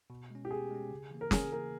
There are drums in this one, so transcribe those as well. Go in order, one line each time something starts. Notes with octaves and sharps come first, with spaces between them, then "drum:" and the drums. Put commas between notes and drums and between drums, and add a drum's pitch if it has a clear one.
B2
G#3 C#4
G4
B2 G#4
G#3 C#4
C#3
E3 A#3
A#4
C#3 G#4, drum: snare
E3 A#3 A#4